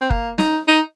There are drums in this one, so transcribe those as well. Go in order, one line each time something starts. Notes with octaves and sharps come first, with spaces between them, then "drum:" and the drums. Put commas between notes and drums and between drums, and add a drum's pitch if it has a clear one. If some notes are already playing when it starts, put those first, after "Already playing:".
C4
A#3, drum: kick
D#4, drum: snare
D#4